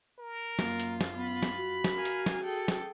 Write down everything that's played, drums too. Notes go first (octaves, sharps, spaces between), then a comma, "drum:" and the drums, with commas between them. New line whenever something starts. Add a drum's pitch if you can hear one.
A#4
F#2 A#3 F4, drum: snare
drum: hi-hat
drum: snare
B3 B5
drum: snare
F#4
drum: snare
A#4 F5 G#5
drum: hi-hat
drum: snare
G#4 A4 G5
drum: snare